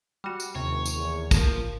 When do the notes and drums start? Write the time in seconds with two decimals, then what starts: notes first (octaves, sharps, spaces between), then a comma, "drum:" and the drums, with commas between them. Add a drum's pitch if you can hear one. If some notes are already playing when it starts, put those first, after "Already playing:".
0.24 G3 F#4
0.40 drum: tambourine
0.55 F#1 D#2 C3 C#5
0.86 drum: tambourine
0.96 E2
1.31 G1 F3 A#3, drum: kick, tambourine